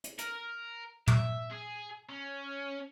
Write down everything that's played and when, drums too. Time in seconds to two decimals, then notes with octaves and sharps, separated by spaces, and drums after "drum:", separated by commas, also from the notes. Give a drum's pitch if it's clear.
0.04 drum: hi-hat
0.19 A#4, drum: hi-hat
1.08 E5, drum: tom
1.51 G#4
2.09 C#4